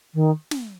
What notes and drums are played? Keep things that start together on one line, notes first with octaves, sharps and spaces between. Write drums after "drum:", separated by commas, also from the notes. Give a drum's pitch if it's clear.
D#3
drum: snare